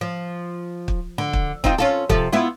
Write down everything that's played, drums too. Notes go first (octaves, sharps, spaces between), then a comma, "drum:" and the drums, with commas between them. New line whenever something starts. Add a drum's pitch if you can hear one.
F3
drum: kick
D3
drum: kick
C4 D#4 F4, drum: kick
C#4 F4 A4
C3 F3 A4, drum: kick
B3 E4 F4